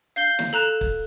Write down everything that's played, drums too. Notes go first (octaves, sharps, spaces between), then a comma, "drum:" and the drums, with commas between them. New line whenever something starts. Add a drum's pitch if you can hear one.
F5 G6 G7
drum: snare
A4 A#5 F#6 E7
drum: kick